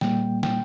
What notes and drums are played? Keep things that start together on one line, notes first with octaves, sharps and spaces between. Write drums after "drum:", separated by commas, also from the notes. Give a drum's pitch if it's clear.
A#2 G3 A#3 G5, drum: snare
G5, drum: snare